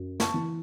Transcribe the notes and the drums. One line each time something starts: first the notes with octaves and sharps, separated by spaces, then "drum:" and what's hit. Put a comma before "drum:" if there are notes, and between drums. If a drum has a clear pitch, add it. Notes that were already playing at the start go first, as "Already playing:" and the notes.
Already playing: F#2
A5 C#6, drum: snare
E3